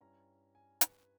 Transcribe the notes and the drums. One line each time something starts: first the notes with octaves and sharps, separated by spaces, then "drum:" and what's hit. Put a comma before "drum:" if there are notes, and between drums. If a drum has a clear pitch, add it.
G2 G3 C#4 E4 A#5
G#5
B4, drum: hi-hat